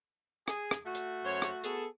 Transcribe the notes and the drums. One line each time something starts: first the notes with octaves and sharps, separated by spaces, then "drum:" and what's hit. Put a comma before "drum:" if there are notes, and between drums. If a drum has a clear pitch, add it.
G#4, drum: rim click
drum: rim click
A3 F#4
drum: hi-hat
F#2 C5 C#5
drum: rim click
B3 G#4 A4, drum: hi-hat